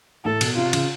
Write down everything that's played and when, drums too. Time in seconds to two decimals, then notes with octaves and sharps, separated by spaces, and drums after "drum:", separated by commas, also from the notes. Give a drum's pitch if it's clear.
0.25 A2 A4
0.41 B2, drum: cymbal
0.57 C3 F4
0.73 C#3, drum: cymbal